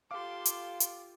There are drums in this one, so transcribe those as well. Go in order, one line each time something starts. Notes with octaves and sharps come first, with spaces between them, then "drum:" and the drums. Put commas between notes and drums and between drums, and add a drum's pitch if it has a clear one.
F4 G4 A4 F5 C6 D6
drum: hi-hat
drum: hi-hat